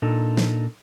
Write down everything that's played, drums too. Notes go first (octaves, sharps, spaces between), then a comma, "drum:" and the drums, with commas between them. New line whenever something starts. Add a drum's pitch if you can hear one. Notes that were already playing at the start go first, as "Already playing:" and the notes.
A#2 D4 D#4 A4
drum: snare